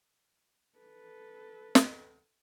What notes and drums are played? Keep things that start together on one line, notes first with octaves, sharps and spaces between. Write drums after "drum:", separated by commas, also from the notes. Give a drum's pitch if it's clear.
A4 B4
drum: snare